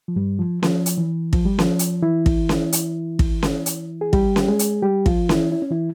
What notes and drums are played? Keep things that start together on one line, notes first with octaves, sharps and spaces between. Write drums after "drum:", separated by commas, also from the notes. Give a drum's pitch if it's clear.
F3
G2 G3
F3
F3, drum: snare C#4
drum: hi-hat
E3
F3, drum: kick
G3
F3, drum: snare C#4
drum: hi-hat
E3 E4
drum: kick
drum: snare C#4
drum: hi-hat
drum: kick
drum: snare C#4
drum: hi-hat
G#4
G3 G4, drum: kick
drum: snare C#4
G#3 G#4
drum: hi-hat
G3 G4
F3 F4, drum: kick
E3 E4, drum: snare C#4
E4
C#4
E3 E4